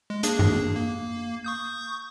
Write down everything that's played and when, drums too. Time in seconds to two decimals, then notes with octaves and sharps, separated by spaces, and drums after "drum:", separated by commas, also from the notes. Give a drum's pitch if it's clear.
0.10 G#3
0.23 A#3 D4 G#4, drum: hi-hat
0.39 drum: tom F#2
0.75 A#3
1.44 C#6 D#6 G6